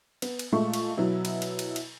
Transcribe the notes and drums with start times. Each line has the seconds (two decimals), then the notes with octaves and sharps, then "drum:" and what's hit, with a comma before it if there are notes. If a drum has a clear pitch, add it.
0.22 B3, drum: cymbal
0.39 drum: cymbal
0.52 A#2 G#3 A3 C#6
0.74 drum: cymbal
0.97 B2 F#3 E4
1.25 drum: cymbal
1.42 drum: cymbal
1.59 drum: cymbal
1.76 drum: cymbal